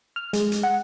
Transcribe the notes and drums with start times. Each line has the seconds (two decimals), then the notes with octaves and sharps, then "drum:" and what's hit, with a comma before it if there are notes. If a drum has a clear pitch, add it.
0.16 F6
0.33 G#3, drum: hi-hat
0.52 drum: hi-hat
0.63 F#5